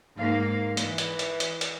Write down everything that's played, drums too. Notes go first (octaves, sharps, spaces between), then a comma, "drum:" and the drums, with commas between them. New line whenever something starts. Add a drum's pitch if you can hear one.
G#2 A#3 F5
E3, drum: hi-hat
drum: hi-hat
drum: hi-hat
drum: hi-hat
drum: hi-hat